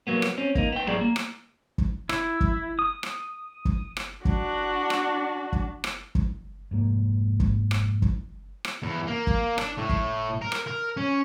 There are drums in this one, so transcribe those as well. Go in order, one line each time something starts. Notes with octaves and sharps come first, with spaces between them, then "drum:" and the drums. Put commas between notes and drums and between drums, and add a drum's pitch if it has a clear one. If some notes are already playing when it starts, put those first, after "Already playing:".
F#3 A#3 B3
drum: rim click
C4 C#4
A#3 D#4, drum: kick
B3 G5
A2 F#3 G#4 D5
A#3
drum: rim click
drum: kick
E4, drum: rim click
drum: kick
D#6
drum: rim click
drum: kick
drum: rim click
D4 F#4, drum: kick
drum: rim click
drum: kick
drum: rim click
drum: kick
F1 G#2 A#3
drum: kick
drum: rim click
drum: kick
drum: rim click
E2
A#3
drum: kick
D4, drum: rim click
A2
drum: kick
A#4
drum: rim click
A#4
C#4